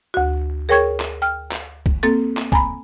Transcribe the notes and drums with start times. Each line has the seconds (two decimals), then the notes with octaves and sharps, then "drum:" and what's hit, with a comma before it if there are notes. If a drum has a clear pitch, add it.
0.14 D2 F#4
0.69 G#4 A#4 C#5 G5 C#6 G#6
1.00 drum: clap
1.22 G5 F6
1.51 drum: clap
1.86 drum: kick
2.03 A#3 C4 A4 A6
2.37 drum: clap
2.52 G#5 A#5 B5, drum: kick